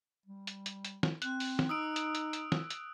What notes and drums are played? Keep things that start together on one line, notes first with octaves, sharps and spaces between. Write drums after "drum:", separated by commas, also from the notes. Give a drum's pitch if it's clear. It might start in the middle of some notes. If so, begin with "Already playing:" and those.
G3
drum: hi-hat
drum: hi-hat
drum: hi-hat
drum: snare
C4 F#6, drum: hi-hat
drum: open hi-hat
drum: snare
D#4 D#6 E6 D7
drum: hi-hat
drum: hi-hat
drum: hi-hat
drum: snare
drum: hi-hat